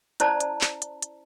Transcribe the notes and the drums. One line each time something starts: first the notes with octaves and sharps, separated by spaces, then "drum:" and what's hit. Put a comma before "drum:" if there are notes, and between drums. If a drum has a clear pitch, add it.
C#4 E4 C5 D5 A5 A#5, drum: hi-hat
drum: hi-hat
drum: clap
drum: hi-hat
drum: hi-hat